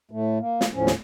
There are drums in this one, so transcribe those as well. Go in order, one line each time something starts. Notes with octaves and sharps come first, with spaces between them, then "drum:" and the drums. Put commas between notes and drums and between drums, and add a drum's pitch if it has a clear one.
A2 A3
A#3
drum: snare
D#2 A2 F3 C#4
drum: snare